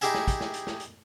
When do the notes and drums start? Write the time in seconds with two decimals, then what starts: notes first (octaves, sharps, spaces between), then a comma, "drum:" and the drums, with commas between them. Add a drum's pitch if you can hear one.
0.01 D#4 E4 G4 G#4 E5 G#5, drum: hi-hat
0.15 drum: snare
0.28 drum: kick, hi-hat
0.41 drum: snare
0.54 drum: hi-hat
0.67 drum: snare
0.80 drum: hi-hat